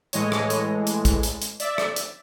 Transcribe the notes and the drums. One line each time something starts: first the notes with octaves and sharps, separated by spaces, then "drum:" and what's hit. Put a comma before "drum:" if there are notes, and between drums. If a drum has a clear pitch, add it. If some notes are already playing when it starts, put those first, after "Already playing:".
A2 E3 G#3 C#5 D#5, drum: hi-hat
drum: rim click
drum: hi-hat
drum: hi-hat
drum: kick A1, hi-hat
drum: hi-hat
drum: hi-hat
D5 E5, drum: hi-hat
drum: rim click
drum: hi-hat